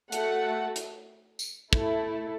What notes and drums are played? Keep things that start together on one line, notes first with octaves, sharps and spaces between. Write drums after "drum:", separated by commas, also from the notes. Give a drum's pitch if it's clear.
A3 F#4 A4 F#5, drum: hi-hat
drum: hi-hat
drum: tambourine
A3 E4 A4, drum: kick